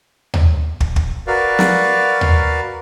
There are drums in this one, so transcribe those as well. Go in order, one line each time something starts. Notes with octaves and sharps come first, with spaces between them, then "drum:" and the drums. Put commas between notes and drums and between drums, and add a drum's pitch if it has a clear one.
drum: tom D#2
drum: kick
drum: kick
F#4 A#4 B4 D5 F5
drum: snare
drum: tom D#2